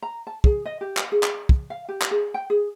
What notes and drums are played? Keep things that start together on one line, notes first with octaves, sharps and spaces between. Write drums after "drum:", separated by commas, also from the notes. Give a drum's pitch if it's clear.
A#5
A5
G#4, drum: kick
D#5
G4
drum: clap
G#4
drum: clap
drum: kick
F5
G4
drum: clap
G#4
G5
G#4